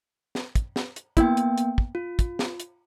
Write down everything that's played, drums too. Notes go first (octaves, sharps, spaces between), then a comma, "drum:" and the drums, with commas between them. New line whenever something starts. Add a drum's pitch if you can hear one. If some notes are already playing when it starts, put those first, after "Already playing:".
drum: snare
drum: kick, hi-hat
drum: snare
drum: hi-hat
A#3 B3 E4 G5, drum: kick, hi-hat
drum: hi-hat
drum: hi-hat
drum: kick
F4
drum: kick, hi-hat
drum: snare
drum: hi-hat